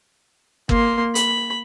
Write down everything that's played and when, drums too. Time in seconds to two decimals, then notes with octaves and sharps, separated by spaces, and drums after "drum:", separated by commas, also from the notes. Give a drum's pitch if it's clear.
0.69 A#3 C6, drum: kick
1.15 B5, drum: hi-hat